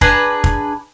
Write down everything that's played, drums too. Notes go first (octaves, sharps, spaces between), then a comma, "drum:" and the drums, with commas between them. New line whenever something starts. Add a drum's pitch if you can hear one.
D4 G#4 B4 A#5, drum: kick
drum: kick